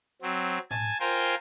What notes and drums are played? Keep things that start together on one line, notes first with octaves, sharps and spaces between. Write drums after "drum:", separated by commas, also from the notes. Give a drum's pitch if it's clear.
F#3 C4
G#5 A5, drum: tom A2
F4 A#4 C5 G5 G#5